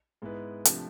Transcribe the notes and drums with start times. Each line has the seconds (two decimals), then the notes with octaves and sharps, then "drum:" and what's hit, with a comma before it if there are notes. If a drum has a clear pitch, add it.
0.22 G#2 G#3 B3 E4 B4
0.65 C3 F3 A3 D4, drum: hi-hat